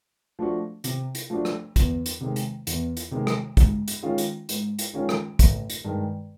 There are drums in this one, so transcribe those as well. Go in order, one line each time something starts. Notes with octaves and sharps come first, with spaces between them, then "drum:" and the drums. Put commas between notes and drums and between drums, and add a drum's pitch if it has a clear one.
F3 A3 D4 F#4
C3, drum: hi-hat
drum: hi-hat
F3 A3 D4 F#4
drum: rim click
E2, drum: kick, hi-hat
drum: hi-hat
C3 D#3 G#3
drum: hi-hat
E2, drum: hi-hat
drum: hi-hat
C3 D#3 G#3
drum: rim click
G#2, drum: kick, hi-hat
drum: hi-hat
D#3 G#3 C#4 F4
drum: hi-hat
G#2, drum: hi-hat
drum: hi-hat
D#3 G#3 C#4 F4
drum: rim click
A1, drum: kick, hi-hat
drum: hi-hat
G2 D#3 G#3